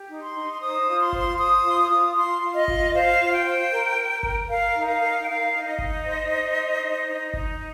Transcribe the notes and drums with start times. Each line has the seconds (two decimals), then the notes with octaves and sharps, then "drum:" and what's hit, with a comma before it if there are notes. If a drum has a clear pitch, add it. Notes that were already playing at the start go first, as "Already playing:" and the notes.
Already playing: G4
0.09 D#4
0.22 C6
0.35 D#4
0.61 C5 D#6
0.87 F4
1.00 C6
1.13 C5, drum: kick G1
1.38 C5 D#6
1.64 F4 C6
1.77 D#6
1.90 F4
2.16 F4 C6
2.42 F4
2.55 D#5
2.68 F4, drum: kick G1
2.93 C5 F5
3.20 F4
3.33 G5
3.45 C5
3.72 A#4
3.97 A#4
4.23 A#4, drum: kick G1
4.49 A#4 F5
4.75 D#4
4.88 F5
5.01 A#4
5.22 G5
5.26 D#4 F5
5.53 D#4
5.65 D#5
5.79 D#4, drum: kick G1
6.04 C5
6.30 D#4
6.56 C5
6.82 D#4
7.08 D#4
7.34 D#4, drum: kick G1